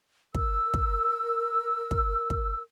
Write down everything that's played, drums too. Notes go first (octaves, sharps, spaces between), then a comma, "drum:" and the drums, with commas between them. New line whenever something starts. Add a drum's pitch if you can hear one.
A#4 E6, drum: kick
drum: kick
drum: kick
drum: kick